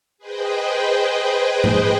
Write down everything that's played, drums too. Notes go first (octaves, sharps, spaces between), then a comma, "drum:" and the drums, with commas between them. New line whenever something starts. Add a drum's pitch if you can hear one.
G#4 B4 C5 D#5 G5
drum: tom G#2